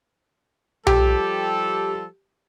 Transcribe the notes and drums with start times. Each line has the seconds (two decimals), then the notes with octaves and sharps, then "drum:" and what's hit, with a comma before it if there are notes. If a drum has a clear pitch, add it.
0.87 F3 G3 G4 A4, drum: tom B1